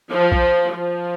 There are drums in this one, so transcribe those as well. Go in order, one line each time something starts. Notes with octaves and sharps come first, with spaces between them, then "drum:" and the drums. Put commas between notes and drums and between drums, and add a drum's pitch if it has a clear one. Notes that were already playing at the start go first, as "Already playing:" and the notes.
F3
drum: kick A#1
F3